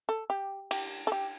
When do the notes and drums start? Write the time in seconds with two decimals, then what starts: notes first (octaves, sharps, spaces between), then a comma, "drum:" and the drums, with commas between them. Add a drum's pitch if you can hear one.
0.09 A4
0.30 G4
0.71 G4, drum: cymbal
1.07 A4
1.12 G4